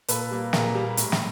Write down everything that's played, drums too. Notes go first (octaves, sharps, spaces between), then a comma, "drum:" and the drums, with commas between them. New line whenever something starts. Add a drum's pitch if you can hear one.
A#2 A4 B4, drum: hi-hat
G3 A#3
A#2 G#4 A#4, drum: snare
G3 A#3
A2, drum: hi-hat
drum: snare